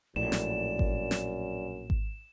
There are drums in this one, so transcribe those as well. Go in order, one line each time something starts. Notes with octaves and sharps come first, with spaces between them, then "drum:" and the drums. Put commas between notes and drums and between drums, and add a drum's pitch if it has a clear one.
A#1 F#2 A2 D5 E7
drum: snare
drum: kick G#1
drum: snare
drum: kick G#1